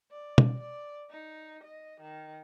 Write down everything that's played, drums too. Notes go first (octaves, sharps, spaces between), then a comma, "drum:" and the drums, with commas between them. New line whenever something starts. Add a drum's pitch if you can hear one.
D5
drum: tom
D5
D#4
D#5
D#3